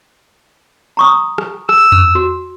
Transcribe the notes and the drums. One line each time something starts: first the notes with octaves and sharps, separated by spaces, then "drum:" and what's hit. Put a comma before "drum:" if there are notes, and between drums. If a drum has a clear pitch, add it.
A#5 C#6 D#6
drum: rim click
E6, drum: rim click
drum: tom F2
F#4